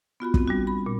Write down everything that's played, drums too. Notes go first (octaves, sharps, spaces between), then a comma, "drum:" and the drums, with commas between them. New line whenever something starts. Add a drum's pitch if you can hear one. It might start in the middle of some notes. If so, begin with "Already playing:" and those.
B3 F4 F#4 B5
B3 C4, drum: kick
G3 D4 F#4
B5
A#2